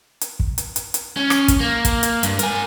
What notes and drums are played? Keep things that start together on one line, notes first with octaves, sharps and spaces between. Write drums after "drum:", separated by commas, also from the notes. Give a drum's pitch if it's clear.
drum: hi-hat
drum: kick
drum: hi-hat
drum: hi-hat
drum: hi-hat
C#4
drum: rim click
drum: kick, hi-hat
A#3
drum: kick, hi-hat
drum: hi-hat
G2, drum: hi-hat
A#4 G#5, drum: hi-hat